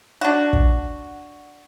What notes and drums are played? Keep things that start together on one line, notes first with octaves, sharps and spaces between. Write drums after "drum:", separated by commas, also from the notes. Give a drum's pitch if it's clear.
D4 F#4
drum: kick